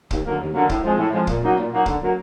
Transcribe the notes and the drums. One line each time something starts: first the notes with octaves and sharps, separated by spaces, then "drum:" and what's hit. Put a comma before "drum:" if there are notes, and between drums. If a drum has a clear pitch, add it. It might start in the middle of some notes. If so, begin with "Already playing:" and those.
D#2, drum: kick
D3 F#3 A#3
D#2
D3 F#3 A#3
A2, drum: kick
F3 G#3
A2
F3 G#3
A#2, drum: kick
F#3 A#3 D#4 F#4
A#2
F#3 A#3 D#4 F#4
D3, drum: kick
F#3 A#3